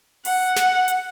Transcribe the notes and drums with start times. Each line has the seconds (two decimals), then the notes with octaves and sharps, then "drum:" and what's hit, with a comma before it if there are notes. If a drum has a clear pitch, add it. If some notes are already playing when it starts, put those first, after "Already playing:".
0.25 F#5, drum: open hi-hat
0.56 drum: snare
0.88 drum: hi-hat